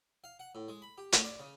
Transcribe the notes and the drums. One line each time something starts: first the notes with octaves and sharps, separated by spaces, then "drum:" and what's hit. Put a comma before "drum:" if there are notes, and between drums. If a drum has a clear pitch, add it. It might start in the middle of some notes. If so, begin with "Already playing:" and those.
F5
F#5
A2
G#3
B5
G4
A2, drum: hi-hat
D5
C#3